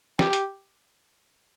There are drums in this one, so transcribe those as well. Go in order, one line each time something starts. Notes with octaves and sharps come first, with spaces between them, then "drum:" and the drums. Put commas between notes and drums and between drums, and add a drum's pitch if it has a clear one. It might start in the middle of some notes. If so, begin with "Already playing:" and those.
G4, drum: snare
drum: hi-hat